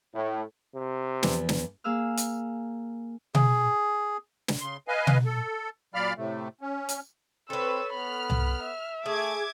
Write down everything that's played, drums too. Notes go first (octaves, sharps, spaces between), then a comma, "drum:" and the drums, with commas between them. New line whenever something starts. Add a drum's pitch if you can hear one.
A2
C3
E2 F3, drum: snare
drum: snare
A#3 G#4 F5 E6 F6
drum: hi-hat
G#4, drum: tom B2
drum: snare
C#3 C6
B4 D#5 F5 G#5
drum: tom B2
A4
A#2 F#3 D5 F5 B5 F6
A2 C3 A3
C#4
drum: hi-hat
C4 A4 B4 C#5 E6
B3 B5 F6
drum: tom C2
E5
A3 G#4 D6 G#6